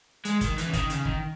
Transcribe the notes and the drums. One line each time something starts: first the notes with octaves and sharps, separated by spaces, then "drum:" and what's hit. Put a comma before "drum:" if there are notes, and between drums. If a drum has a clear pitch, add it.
G#3, drum: hi-hat
D#3, drum: kick, hi-hat
E3, drum: hi-hat
C#3
D#3, drum: kick, hi-hat
C#3, drum: hi-hat
D#3, drum: kick